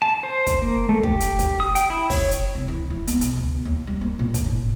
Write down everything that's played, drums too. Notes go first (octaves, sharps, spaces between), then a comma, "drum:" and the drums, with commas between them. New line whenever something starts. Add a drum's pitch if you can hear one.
A5
C5
drum: kick, hi-hat
A#3
A3
G4, drum: kick
drum: hi-hat
drum: kick, hi-hat
D#6
G5, drum: hi-hat
E4
C#5, drum: kick, open hi-hat
drum: hi-hat
C2
E3
E4
B3, drum: hi-hat
B1, drum: hi-hat
D2
D#2
G3
A#3
A#2
drum: kick, hi-hat
A2